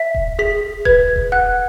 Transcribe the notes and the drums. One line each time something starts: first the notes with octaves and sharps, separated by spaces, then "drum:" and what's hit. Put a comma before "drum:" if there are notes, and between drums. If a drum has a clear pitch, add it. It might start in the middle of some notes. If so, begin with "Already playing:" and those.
Already playing: E5 B6
drum: kick D#1
G#4 B6
B4 G#6, drum: kick D#1
drum: kick D#1
F#5 F#6